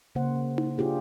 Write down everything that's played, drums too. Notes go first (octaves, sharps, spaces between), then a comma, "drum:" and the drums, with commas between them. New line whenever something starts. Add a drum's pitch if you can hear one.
C#3 A#3 C5 F#5
drum: tom D#4
D4 F4 G4 G#4